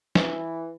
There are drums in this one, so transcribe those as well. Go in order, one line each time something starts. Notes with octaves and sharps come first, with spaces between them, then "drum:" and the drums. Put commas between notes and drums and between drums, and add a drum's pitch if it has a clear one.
E3, drum: snare